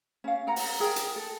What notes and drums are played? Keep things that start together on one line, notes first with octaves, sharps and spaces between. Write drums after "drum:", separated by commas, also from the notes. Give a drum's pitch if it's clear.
C#4 F5
A#4 F#5 A#5
drum: open hi-hat
G#4 A#4 G5
drum: hi-hat
A4